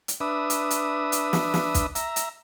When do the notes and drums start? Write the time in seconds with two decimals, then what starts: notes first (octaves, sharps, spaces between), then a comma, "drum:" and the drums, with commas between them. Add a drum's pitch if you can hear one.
0.08 drum: hi-hat
0.20 D4 B4 E5 D#6
0.50 drum: hi-hat
0.71 drum: hi-hat
1.12 drum: hi-hat
1.33 drum: snare
1.54 drum: snare
1.74 drum: kick, hi-hat
1.95 E5 A#5, drum: hi-hat
2.16 drum: hi-hat